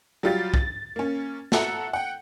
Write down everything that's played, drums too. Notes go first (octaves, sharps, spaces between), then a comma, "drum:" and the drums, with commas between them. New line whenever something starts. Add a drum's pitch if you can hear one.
F#3 G3 F4 G4 A6
A6, drum: kick
A#3 C#4
F#4 A4 E5 F#5 A#5, drum: snare
F#5 G5